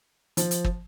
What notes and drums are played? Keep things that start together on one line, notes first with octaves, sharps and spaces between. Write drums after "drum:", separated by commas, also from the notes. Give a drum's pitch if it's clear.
F3, drum: hi-hat
drum: hi-hat
drum: kick